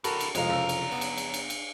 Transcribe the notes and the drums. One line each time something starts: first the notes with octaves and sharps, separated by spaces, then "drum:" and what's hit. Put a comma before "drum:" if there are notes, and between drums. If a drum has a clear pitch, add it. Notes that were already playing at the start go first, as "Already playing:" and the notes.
C3 E3 F#4 A4 A#4, drum: cymbal
drum: cymbal
C2 F2 G#3 C#4 C#5 F5 A#5, drum: cymbal
F#1 E6
drum: cymbal
B3
drum: cymbal
drum: cymbal
drum: cymbal
drum: cymbal